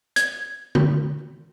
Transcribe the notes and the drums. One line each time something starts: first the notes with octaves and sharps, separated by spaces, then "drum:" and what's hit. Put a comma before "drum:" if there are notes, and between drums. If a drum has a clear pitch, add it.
G#6, drum: hi-hat
drum: tom